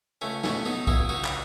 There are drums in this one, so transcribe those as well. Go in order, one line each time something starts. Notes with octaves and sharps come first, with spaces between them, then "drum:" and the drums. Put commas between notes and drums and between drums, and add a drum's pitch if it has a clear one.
C#2 A3 C#4
B2 A3 C#4, drum: snare
F#3 B3 D#4
C#2 E4 G#4, drum: kick B1
C#2 D#4 F#4
drum: clap